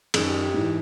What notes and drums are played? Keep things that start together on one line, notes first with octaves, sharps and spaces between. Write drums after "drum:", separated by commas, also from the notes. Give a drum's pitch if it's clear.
F#2 D#3 G#4, drum: cymbal
G4
G4
G#2 E3